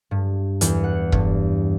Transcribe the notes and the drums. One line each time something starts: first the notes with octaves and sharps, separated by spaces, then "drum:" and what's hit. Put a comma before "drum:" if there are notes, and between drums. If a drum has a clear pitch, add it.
G2
E2, drum: hi-hat
F#5
G2, drum: kick E1